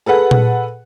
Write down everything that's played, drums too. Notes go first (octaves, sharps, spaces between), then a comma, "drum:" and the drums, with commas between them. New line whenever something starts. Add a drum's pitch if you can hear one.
G#4 A4 B4 F#5
drum: tom A#2